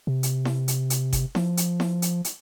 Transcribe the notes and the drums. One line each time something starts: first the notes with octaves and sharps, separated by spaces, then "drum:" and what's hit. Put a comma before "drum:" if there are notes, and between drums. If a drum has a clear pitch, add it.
C3
drum: hi-hat
drum: snare E4
drum: hi-hat
drum: hi-hat
drum: kick F#1, hi-hat
F3, drum: snare E4
drum: hi-hat
drum: snare E4
drum: hi-hat
drum: hi-hat